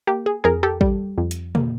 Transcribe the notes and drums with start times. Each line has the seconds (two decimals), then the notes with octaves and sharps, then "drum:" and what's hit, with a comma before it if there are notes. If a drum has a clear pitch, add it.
0.07 A#3 G4
0.26 G#4
0.44 F2 G#4 A#4
0.63 G4 A4
0.81 G3, drum: kick
1.18 F2
1.31 drum: hi-hat
1.55 A#3, drum: tom